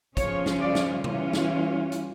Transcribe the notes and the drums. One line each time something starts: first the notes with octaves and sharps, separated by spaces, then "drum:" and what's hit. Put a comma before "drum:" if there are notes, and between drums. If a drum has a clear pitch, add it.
C#3 F3 C#4 F4 C#5, drum: kick, hi-hat
drum: snare
D5
drum: snare
E3 G3 C#4 F4, drum: tom C3
drum: snare
drum: hi-hat